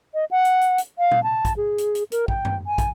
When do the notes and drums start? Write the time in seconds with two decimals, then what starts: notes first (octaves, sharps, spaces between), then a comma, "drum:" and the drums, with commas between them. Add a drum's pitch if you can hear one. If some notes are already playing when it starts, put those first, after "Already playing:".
0.14 D#5
0.31 F#5
0.45 drum: hi-hat
0.61 drum: hi-hat
0.78 drum: hi-hat
0.99 F5
1.11 drum: tom A#2
1.24 A5
1.45 drum: kick, hi-hat
1.57 G#4
1.78 drum: hi-hat
1.95 drum: hi-hat
2.12 A#4, drum: hi-hat
2.28 G5, drum: kick
2.45 drum: tom F#2
2.67 G#5
2.78 drum: kick, hi-hat